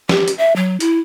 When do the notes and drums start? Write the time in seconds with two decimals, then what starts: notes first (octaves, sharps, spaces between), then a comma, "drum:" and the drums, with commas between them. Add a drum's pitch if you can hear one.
0.09 G4, drum: snare
0.28 drum: hi-hat
0.38 E5
0.56 F#3
0.80 E4, drum: hi-hat